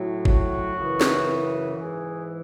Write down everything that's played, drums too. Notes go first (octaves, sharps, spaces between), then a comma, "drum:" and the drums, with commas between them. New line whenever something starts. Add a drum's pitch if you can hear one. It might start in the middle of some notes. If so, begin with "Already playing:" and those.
Already playing: A2 F#3
F#4, drum: kick G#1
F#2 C#3 E3
drum: snare
G#2 E3 G#4